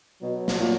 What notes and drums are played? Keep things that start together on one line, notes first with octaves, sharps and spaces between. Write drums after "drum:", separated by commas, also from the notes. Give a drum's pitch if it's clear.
B2 F#3
drum: snare
A#2